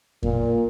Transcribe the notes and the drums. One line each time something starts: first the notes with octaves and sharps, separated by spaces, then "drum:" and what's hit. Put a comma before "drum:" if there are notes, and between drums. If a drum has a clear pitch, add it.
A#2, drum: kick F2